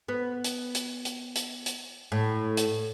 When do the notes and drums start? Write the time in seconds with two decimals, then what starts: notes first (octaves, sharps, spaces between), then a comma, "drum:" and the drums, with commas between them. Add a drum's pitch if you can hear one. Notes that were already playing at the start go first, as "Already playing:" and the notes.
0.08 B3
0.44 drum: hi-hat
0.75 drum: hi-hat
1.05 drum: hi-hat
1.36 drum: hi-hat
1.66 drum: hi-hat
2.12 A2
2.57 drum: hi-hat